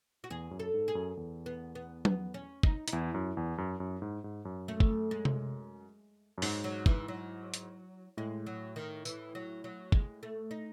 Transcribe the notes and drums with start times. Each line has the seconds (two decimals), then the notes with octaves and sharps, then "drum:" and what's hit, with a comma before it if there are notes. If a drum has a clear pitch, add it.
0.24 F#4
0.30 E2 G#4
0.51 F#2
0.59 A4
0.74 G#2
0.88 G#4
0.95 F#2
1.17 E2
1.46 B3
1.75 B3
2.05 B3, drum: tom
2.34 C#4
2.63 D#4, drum: kick
2.88 D#4, drum: hi-hat
2.92 E2 E4
3.14 F#2
3.37 E2
3.58 F#2
3.80 F#2
4.02 G#2
4.24 G#2
4.45 F#2
4.68 A3
4.80 drum: kick
5.11 G#3
5.25 drum: tom C3
6.38 F#2
6.42 G#2 F#3, drum: open hi-hat
6.64 F#3
6.86 E3, drum: kick
7.08 F#3
7.54 drum: hi-hat
8.17 A2 G#3
8.46 F#3
8.76 D#3
9.05 E3, drum: tambourine
9.35 F#3
9.64 F#3
9.92 G#3, drum: kick
10.23 A3
10.51 D#4